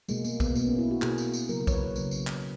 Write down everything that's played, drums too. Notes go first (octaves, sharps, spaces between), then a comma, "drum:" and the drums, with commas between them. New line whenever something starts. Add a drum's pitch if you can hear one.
B2 G#3 A#3, drum: tambourine
A#3, drum: tambourine
B3, drum: kick A#1, tambourine
B2 A#3 B3, drum: tambourine
C#4
E4
F#4
B2 A#3 G#4, drum: clap
drum: tambourine
drum: tambourine
C#3 F#3 A#3 A#4, drum: tambourine
A#4
C#5, drum: kick A#1, tambourine
B4
C#5
C#3 F#3 A#3, drum: tambourine
drum: tambourine
drum: clap